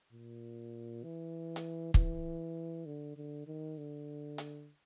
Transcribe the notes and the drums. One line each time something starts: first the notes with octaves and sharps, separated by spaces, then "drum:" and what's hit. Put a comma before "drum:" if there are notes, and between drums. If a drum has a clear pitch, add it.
A#2
E3
drum: hi-hat
E3, drum: kick
D3
D3
D#3
D3
drum: hi-hat